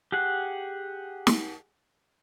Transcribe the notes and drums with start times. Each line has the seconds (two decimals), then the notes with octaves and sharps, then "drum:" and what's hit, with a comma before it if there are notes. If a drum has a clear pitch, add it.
0.12 G4 G#4 F#5
1.27 drum: snare